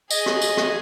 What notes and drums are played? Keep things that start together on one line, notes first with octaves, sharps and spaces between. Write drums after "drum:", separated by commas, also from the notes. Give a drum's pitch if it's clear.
G#4 D#5 G#5, drum: tambourine
drum: rim click
drum: tambourine
drum: rim click